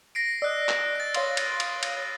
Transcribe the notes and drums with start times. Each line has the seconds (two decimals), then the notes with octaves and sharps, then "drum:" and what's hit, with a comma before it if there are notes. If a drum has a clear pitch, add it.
0.15 A#6 C7 D7
0.42 D5 D#5 D#6 E6 F#6
0.69 drum: clap
0.96 F#6 A6
1.14 C#5 F5 C6, drum: cymbal
1.37 drum: cymbal
1.60 drum: cymbal
1.83 drum: cymbal